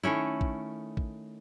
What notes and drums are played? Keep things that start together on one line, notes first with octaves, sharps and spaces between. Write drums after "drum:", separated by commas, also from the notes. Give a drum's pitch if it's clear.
D#3 A3 C#4 E4
drum: kick
drum: kick